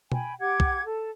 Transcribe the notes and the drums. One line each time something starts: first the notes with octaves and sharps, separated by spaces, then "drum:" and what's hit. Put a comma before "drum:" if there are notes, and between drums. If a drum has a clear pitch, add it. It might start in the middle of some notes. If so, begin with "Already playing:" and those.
G5 G#5 B5, drum: tom B2
G4 F#5 D6 G#6
drum: kick B1
A4